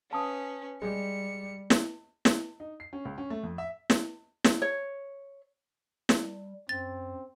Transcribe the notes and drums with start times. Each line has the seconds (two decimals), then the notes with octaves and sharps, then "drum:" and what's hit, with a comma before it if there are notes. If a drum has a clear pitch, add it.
0.11 C#4 B4 F5 A5 D#6
0.82 G3 G#3 C#7
1.70 drum: snare
2.25 drum: snare
2.60 D#4
2.80 C7
2.93 C#4
3.05 C#2
3.18 C#4
3.30 A3
3.43 F2
3.58 E5
3.90 drum: snare
4.44 drum: snare
4.62 C#5
6.09 drum: snare
6.20 G3
6.69 F#2 C4 A6